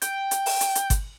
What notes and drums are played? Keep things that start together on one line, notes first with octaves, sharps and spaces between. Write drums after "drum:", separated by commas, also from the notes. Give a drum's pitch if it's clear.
G5, drum: hi-hat
drum: hi-hat
drum: open hi-hat
drum: hi-hat
drum: hi-hat
drum: kick G1, hi-hat